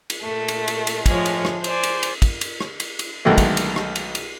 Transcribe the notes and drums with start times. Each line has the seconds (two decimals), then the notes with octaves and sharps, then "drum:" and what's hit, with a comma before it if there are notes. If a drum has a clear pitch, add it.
0.10 drum: cymbal
0.22 A#2 A3
0.48 drum: cymbal
0.68 drum: cymbal
0.87 drum: cymbal
1.06 A2 F3 G#3 C#5, drum: kick, cymbal
1.26 drum: cymbal
1.45 drum: rim click
1.64 C5 D5 G#5, drum: cymbal
1.83 drum: cymbal
2.03 drum: cymbal
2.22 drum: kick, cymbal
2.41 drum: cymbal
2.61 drum: rim click
2.80 drum: cymbal
2.99 drum: cymbal
3.25 B1 D3 D#3 G#3 A3
3.38 drum: kick, cymbal
3.57 drum: cymbal
3.76 drum: rim click
3.96 drum: cymbal
4.15 drum: cymbal